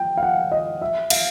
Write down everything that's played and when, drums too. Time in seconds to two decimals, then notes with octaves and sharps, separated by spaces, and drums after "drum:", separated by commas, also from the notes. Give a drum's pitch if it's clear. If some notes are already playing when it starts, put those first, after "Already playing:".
Already playing: G5
0.17 F5
0.23 F#5
0.52 D#5
0.82 E5
1.10 F5, drum: cymbal